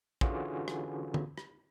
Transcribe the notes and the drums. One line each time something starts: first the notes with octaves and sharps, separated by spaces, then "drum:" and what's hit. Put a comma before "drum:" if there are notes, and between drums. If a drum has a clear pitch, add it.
D3 E3 C#4 F4 F#4 G#4, drum: kick
drum: rim click
drum: tom
drum: rim click